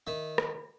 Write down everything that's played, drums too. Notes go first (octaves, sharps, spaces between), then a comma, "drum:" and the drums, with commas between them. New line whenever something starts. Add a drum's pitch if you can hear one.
D#3 E5
drum: rim click